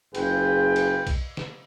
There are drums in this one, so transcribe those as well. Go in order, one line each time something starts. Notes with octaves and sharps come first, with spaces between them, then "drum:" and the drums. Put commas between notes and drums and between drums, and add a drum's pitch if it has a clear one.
F#1 F4 G#4 B4 G5, drum: cymbal
drum: cymbal
drum: kick B1, cymbal
drum: snare